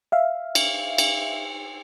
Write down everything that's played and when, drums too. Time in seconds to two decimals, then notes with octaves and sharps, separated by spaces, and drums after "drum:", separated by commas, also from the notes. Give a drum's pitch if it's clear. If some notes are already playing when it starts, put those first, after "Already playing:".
0.12 E5 F5
0.55 drum: cymbal
0.98 drum: cymbal